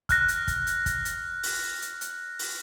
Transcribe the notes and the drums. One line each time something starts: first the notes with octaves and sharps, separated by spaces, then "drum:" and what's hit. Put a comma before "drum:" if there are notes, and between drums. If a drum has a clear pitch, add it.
F6 F#6 A#6, drum: kick, hi-hat
drum: hi-hat
drum: kick, hi-hat
drum: hi-hat
drum: kick, hi-hat
drum: hi-hat
drum: open hi-hat
drum: hi-hat
drum: hi-hat
drum: open hi-hat